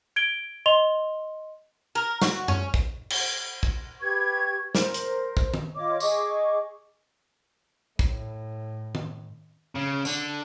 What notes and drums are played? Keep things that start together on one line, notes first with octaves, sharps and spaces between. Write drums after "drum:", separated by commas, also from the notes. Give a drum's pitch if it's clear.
G#6 D7 G7
D#5 C6 F7 G7
A#4
F#4, drum: snare
C#4, drum: tom F#2
drum: kick
drum: cymbal
drum: kick
G4 B4 C#6 G#6
A#4 C5, drum: snare
drum: hi-hat
drum: kick
drum: tom D#3
F4 C#5 D#5 D6
G#4 D#5 C#6 D6, drum: tambourine
A2, drum: kick
drum: tom D#3
C#3
D3, drum: tambourine